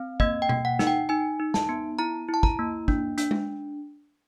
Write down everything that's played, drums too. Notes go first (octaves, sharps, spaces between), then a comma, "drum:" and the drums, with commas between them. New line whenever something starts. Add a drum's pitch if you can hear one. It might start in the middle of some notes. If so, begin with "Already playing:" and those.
Already playing: C4
A#3 D#5, drum: kick
G5
A#3, drum: tom B2
F#5
D#4, drum: snare
G5
D#4 G#5
D#4
A5, drum: snare
B3
E4 A#5
E4
A5
A#5, drum: kick
A#3
D4, drum: kick
D4, drum: hi-hat
drum: tom G#3